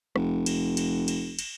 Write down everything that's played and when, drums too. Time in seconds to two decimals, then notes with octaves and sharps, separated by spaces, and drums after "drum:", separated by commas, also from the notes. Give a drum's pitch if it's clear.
0.16 F1, drum: rim click
0.46 drum: cymbal
0.77 drum: cymbal
1.08 drum: cymbal
1.39 drum: cymbal